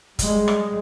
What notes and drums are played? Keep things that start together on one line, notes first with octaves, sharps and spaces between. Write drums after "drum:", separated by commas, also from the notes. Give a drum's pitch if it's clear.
G3 G#3, drum: kick F#1, hi-hat
drum: rim click